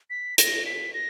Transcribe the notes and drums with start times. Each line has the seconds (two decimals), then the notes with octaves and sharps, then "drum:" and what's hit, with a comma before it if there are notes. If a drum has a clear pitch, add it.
0.10 B6
0.38 A#6, drum: hi-hat
0.66 B6
0.94 A#6